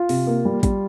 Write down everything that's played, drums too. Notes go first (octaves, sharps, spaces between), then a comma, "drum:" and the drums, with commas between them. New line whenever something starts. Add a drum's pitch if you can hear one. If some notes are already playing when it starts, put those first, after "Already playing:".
Already playing: F4
C3, drum: open hi-hat
A#3
G3
G3, drum: kick A1, hi-hat